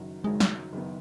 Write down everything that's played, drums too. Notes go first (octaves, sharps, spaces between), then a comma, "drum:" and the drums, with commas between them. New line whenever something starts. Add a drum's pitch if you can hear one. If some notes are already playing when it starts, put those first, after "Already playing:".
Already playing: F#1 F#2 D#3 F#3
F#1 F#2 D#3 F#3 G#3
drum: snare
F#1 F#2 D#3 B3